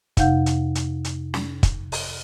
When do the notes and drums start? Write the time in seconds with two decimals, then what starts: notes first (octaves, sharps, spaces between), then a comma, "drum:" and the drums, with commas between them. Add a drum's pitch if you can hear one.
0.17 F2 C3 D#4 F5 F#5 G6, drum: kick, hi-hat
0.46 drum: hi-hat
0.75 drum: hi-hat
1.04 drum: hi-hat
1.34 drum: snare
1.63 drum: kick, hi-hat
1.92 drum: open hi-hat